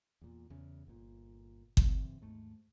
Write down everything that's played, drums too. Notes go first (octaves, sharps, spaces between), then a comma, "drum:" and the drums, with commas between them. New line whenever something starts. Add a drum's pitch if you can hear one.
E2 A#2
E2 C#3
G1 A#2
G2 C#3 E3 C4, drum: kick G1
D#2 G#2 A3